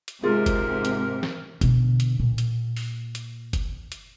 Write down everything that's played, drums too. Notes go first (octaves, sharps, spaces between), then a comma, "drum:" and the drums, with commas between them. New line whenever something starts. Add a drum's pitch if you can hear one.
drum: hi-hat
G#2 C3 F4 G#4 A#4
drum: kick F#1, hi-hat
drum: hi-hat
drum: snare
B2 D3, drum: kick F#1, hi-hat
drum: hi-hat
A#2
drum: hi-hat
drum: open hi-hat
drum: hi-hat
drum: kick F#1, hi-hat
drum: hi-hat